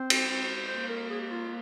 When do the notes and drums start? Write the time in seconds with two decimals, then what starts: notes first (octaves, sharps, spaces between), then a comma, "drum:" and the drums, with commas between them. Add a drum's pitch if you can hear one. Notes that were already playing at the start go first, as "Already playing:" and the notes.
Already playing: C4 C5
0.10 drum: cymbal
0.67 A#3 C5
0.89 A#4
1.10 G#4
1.21 G4
1.30 F4